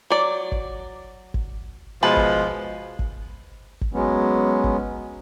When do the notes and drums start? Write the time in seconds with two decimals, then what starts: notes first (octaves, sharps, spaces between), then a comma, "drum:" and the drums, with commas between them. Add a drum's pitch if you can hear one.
0.10 F#3 D5
0.52 drum: kick G1
1.34 drum: kick G1
2.03 B2 F3 G#3 B4 A5
2.17 drum: kick G1
2.99 drum: kick G1
3.81 drum: kick G1
3.93 F#3 G#3 B3 C#4
4.64 drum: kick G1